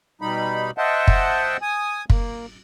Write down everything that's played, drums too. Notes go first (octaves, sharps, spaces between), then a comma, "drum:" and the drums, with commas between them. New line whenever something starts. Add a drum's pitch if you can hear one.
B2 G3 D#4 B5
C5 D#5 E5 F#5 G5 A5
drum: kick
G#5 D#6
A#3, drum: kick